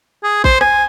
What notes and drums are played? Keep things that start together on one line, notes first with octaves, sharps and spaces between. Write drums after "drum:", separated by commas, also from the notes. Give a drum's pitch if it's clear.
G#4
C5, drum: kick A1
G#5, drum: rim click